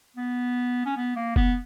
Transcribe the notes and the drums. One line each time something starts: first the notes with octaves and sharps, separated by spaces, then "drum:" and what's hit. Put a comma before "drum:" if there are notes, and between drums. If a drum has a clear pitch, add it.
B3
C#4
B3
A#3
B3, drum: kick